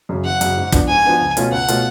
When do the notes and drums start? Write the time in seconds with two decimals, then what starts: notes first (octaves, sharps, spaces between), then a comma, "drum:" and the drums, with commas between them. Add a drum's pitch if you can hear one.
0.09 F#2 C#3
0.25 F#1 F#5
0.41 F#2 C#3, drum: hi-hat
0.57 G#2
0.72 F3 B3 D4, drum: kick, hi-hat
0.88 G#2 G#5
1.05 F3 B3 D4
1.20 C#2
1.37 B2 A3 C#4 F4, drum: hi-hat
1.52 C#2 F#5
1.68 B2 A3 C#4 F4, drum: hi-hat